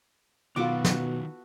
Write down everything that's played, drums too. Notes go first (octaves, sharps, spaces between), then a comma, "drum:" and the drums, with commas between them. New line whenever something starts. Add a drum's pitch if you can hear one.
B2 D#3 F#3 B3 F4 F#4 A4 D6
drum: snare